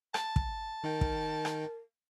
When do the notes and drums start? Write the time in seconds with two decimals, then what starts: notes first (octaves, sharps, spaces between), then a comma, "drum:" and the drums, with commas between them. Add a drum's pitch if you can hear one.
0.14 A5, drum: rim click
0.36 drum: kick
0.83 D#3 D#4 A#4 G5
1.01 drum: kick
1.45 drum: rim click